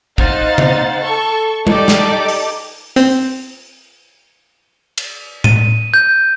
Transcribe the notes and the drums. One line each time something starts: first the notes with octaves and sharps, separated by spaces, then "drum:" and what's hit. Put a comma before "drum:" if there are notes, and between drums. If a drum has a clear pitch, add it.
D#4 C5 F5 F#5 A6, drum: kick
drum: tom
A4 C#6
D#4 G4 A4 D5 D6, drum: tom
drum: snare
drum: open hi-hat
C4, drum: open hi-hat
drum: cymbal
D#7, drum: tom A2
G6